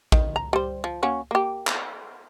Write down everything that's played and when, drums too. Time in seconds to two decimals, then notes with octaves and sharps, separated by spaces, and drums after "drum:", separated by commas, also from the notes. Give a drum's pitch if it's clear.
0.12 D#3, drum: kick A1
0.36 A#5
0.53 G3 C5
0.84 F3
1.03 A#3 C#4 F#4
1.31 A#3 G4
1.67 drum: clap